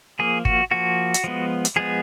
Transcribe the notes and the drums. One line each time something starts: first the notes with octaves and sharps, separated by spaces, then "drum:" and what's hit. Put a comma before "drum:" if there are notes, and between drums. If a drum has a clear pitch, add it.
F3 A#3 G#4
F#4, drum: kick G1
F3 A#3 F#4
drum: hi-hat
F3 G#3 B3
drum: hi-hat
F3 G#3 B3 G#4